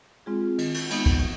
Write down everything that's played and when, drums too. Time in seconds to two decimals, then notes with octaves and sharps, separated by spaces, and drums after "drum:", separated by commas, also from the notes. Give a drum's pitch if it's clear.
0.26 G#3 C4 F4 G#4
0.58 D#3, drum: cymbal
0.74 drum: cymbal
0.90 G#3 B3 D#4, drum: cymbal
1.06 drum: kick